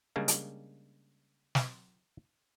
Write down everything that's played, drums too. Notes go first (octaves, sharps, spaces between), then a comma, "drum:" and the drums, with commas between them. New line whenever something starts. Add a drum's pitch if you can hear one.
C#3 G3 G#3 A#3 D4
drum: hi-hat
drum: snare